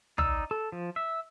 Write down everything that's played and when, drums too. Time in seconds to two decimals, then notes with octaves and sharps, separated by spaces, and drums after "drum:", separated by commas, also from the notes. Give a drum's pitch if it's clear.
0.18 D#4 D5 E6, drum: tom
0.51 A4
0.72 F3
0.96 E5